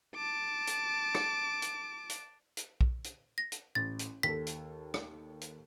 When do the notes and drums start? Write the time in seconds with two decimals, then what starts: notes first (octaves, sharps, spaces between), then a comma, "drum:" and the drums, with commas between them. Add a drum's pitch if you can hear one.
0.15 A5 D6
0.67 drum: hi-hat
1.15 drum: rim click
1.62 drum: hi-hat
2.09 drum: hi-hat
2.57 drum: hi-hat
2.81 drum: kick
3.04 drum: hi-hat
3.38 A#6
3.52 drum: hi-hat
3.75 A1 A6
3.99 drum: hi-hat
4.23 D#2 A4 B6
4.47 drum: hi-hat
4.94 drum: rim click
5.41 drum: hi-hat